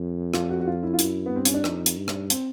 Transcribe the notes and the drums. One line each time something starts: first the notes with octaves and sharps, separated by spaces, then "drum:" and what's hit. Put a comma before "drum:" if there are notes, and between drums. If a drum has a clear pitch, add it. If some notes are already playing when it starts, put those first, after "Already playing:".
Already playing: F2
F4, drum: rim click
F#4
F#4
F4
E4
F4
F#2 E4, drum: hi-hat
B3
G2 C4
C#4, drum: hi-hat
D4
F2 D#4, drum: rim click
drum: hi-hat
G2
drum: rim click
C4, drum: hi-hat